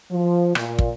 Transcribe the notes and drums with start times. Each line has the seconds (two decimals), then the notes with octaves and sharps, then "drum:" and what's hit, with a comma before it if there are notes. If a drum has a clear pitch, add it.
0.11 F3
0.55 A#2, drum: rim click
0.79 drum: kick